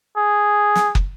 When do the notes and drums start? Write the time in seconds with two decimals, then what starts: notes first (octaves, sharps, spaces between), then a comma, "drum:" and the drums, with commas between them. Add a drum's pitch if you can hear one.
0.17 G#4
0.76 drum: snare
0.95 drum: kick